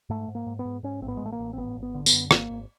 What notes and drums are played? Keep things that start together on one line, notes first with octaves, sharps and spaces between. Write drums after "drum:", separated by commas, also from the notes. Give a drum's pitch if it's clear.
G#2 A3
G#2
A#3
G#2
B3
G#2
G#2 C#4
A1 C4
B3
G#3
A1 A3
A#3
A1
C4
G#1 B3
G#1
B3
D3
B3, drum: tambourine
F#2
G#1 A#3, drum: rim click
G#1